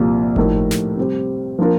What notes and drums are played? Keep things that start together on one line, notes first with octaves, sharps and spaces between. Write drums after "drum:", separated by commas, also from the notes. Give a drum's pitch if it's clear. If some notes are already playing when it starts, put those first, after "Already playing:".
Already playing: C2 A#2 F3 A#3 F4
A2 F3 A3 D#4 A#4, drum: kick G1
drum: snare
C3 G3 C4 G4
F3 A#3 D4 F4 A#4